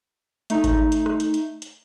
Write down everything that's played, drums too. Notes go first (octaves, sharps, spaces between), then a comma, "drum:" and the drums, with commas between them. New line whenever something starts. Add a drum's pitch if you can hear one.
A3 D#4, drum: hi-hat
drum: kick G#1, hi-hat
drum: hi-hat
drum: rim click
drum: hi-hat
drum: hi-hat
drum: hi-hat